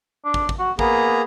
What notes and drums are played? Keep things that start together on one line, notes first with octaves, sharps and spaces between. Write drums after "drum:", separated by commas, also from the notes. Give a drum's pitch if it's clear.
D4
drum: kick
drum: kick
F#4
A#3 B3 G#4 A#5, drum: kick